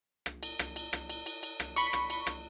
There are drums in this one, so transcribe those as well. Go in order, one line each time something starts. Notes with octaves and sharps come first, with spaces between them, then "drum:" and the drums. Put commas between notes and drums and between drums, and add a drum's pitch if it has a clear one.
drum: rim click
drum: cymbal
drum: rim click
drum: cymbal
drum: rim click
drum: cymbal
drum: cymbal
drum: cymbal
drum: rim click
B5 C#6, drum: cymbal
drum: rim click
drum: cymbal
drum: rim click